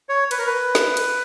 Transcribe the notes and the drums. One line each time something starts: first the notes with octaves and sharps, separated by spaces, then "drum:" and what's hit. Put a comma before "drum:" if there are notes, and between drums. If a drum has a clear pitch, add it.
C#5
B4, drum: cymbal
A#4
B4
drum: snare
drum: cymbal